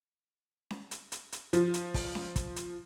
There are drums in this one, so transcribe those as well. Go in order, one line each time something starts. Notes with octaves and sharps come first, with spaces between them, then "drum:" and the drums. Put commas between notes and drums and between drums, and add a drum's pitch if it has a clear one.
drum: snare C#4
drum: hi-hat
drum: hi-hat
drum: hi-hat
F3, drum: hi-hat
drum: hi-hat
drum: kick, open hi-hat
drum: snare C#4
drum: kick, hi-hat
drum: hi-hat